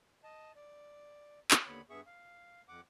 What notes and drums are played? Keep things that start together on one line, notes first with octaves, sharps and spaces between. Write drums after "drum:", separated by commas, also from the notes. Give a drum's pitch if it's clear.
D#5 A5
D5
drum: clap
D#2 D3 B3 C#5 B5
G2 B3 G#4 E5 C#6
F5
F2 F#5 D6